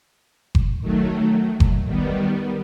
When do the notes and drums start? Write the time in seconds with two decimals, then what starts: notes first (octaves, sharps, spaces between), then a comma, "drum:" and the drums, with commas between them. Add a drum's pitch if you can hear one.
0.55 drum: kick F#1
0.81 D#3 F#3 A3
1.60 drum: kick F#1
1.87 D#3 G3 B3